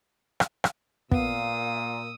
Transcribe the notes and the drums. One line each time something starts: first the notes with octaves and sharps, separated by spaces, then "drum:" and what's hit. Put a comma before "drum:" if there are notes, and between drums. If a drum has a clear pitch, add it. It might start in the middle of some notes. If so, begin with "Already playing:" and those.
drum: rim click
drum: rim click
A#2 B3 F5 D#6 E6, drum: kick